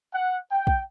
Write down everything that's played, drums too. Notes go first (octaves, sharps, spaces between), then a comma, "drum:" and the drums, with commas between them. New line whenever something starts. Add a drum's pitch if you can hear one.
F#5
G5
drum: kick